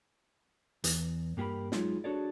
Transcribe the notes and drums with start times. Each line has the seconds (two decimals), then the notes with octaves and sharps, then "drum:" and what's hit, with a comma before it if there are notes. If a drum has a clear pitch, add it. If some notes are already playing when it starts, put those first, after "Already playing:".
0.84 E2, drum: hi-hat
1.37 G2 A#3 G4 G#4 A#4 B5
1.72 F#3 G#3 D#4 F4 G#4, drum: snare
2.04 D4 F#4 G#4 A4 C#5 D5